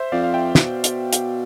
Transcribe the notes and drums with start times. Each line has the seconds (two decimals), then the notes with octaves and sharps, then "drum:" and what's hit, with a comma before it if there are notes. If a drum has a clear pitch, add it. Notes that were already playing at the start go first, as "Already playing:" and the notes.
Already playing: C5 E5
0.12 F2 D5 F5
0.24 F5
0.34 E5 G5
0.55 B2, drum: snare
0.84 drum: hi-hat
1.13 drum: hi-hat